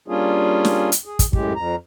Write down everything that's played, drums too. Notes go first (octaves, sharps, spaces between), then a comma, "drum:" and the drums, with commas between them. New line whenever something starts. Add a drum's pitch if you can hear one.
G3 A#3 C#4 D4 F4 G#4
drum: snare
drum: hi-hat
G#4
drum: kick, hi-hat
F#2 A2 G#3 G4, drum: kick
F2 A#5